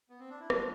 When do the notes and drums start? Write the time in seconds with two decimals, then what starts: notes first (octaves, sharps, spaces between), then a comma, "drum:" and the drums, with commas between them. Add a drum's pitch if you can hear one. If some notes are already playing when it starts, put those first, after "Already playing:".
0.10 B3
0.19 C4
0.30 D4
0.40 E4
0.50 G3 D4 F4, drum: rim click